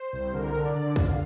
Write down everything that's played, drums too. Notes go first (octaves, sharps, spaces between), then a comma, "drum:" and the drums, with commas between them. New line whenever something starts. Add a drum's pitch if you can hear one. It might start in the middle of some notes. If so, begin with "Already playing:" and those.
Already playing: C5
C2
D3 A#4
D3
D5
D3
F2 F5, drum: kick